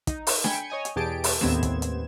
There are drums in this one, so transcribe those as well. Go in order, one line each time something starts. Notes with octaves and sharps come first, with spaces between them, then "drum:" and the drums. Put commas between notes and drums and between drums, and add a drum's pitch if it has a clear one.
D#4, drum: kick, hi-hat
drum: open hi-hat
G5 G#5 B5 G#6 C#7, drum: snare D4
C#5 D#5 G#5
drum: hi-hat
E2 B2 G4 G#4 A5 D7
drum: open hi-hat
D#2 A2 B3 C4 G#6 E7, drum: snare D4
drum: kick, hi-hat
drum: hi-hat